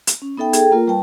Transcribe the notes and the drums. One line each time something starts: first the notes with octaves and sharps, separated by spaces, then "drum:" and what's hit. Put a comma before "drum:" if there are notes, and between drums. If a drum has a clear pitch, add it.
drum: hi-hat
C#4
B3 D#4 A4 E5 G5
G#4 A4 G5, drum: hi-hat
A#3 F4 A#4
G3 B4 G5 A5